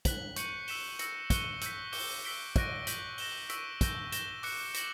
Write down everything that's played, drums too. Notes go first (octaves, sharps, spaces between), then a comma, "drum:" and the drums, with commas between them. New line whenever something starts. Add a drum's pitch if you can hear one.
F#6 B6 F#7, drum: kick, hi-hat
C#6 G6 C#7 F#7, drum: hi-hat
E6 B6 E7 G7, drum: open hi-hat
E6 A#6 C#7, drum: hi-hat
C#6 F#6 C#7 G7, drum: kick, hi-hat
E6 G6 B6, drum: hi-hat
D6 G6 C#7 G7, drum: open hi-hat
E6 B6 D7 G7
C#6 F#6 A#6 D7, drum: kick, hi-hat
G6 B6 F#7, drum: hi-hat
A#6 E7 G7, drum: open hi-hat
C#6 E6 B6 D7, drum: hi-hat
G6 A#6 E7 G7, drum: kick, hi-hat
G6 A#6 E7 G7, drum: hi-hat
D6 F#6 C#7, drum: open hi-hat
D6 A#6 C#7 F#7, drum: hi-hat